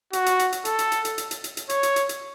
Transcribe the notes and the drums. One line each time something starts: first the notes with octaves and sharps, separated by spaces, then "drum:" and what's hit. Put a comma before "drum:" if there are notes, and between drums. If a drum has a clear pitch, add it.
F#4, drum: hi-hat
drum: hi-hat
drum: hi-hat
drum: hi-hat
A4, drum: hi-hat
drum: hi-hat
drum: hi-hat
drum: hi-hat
drum: hi-hat
drum: hi-hat
drum: hi-hat
drum: hi-hat
C#5, drum: hi-hat
drum: hi-hat
drum: hi-hat
drum: hi-hat